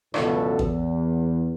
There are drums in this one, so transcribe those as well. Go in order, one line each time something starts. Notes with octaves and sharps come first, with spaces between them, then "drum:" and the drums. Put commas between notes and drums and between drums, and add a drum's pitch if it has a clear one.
C#2 F#2 B2 D3 E3 A4, drum: rim click
E2, drum: kick A1